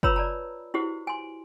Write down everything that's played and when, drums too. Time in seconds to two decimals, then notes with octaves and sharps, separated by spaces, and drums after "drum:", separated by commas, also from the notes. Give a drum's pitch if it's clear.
0.03 F4 B4 C#5 A#5 B5 E6, drum: kick F#1
0.16 D5 A5 A#5
0.74 E4 F#4 G4 C5
1.07 G#5 C6